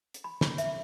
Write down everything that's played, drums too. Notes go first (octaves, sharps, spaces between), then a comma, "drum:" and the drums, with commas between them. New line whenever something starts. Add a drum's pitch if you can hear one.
drum: hi-hat
B5
B5, drum: snare
E5, drum: hi-hat